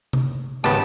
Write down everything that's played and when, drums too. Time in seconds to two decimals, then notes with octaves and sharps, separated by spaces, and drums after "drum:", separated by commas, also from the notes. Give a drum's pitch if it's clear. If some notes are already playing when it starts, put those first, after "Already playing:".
0.13 drum: tom C3
0.64 G#1 C#2 C#3 B3 G4 A5, drum: rim click